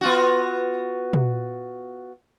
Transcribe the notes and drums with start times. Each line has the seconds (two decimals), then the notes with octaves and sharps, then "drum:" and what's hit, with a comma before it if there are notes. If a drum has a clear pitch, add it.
0.01 B3 F4 F#4
1.13 drum: tom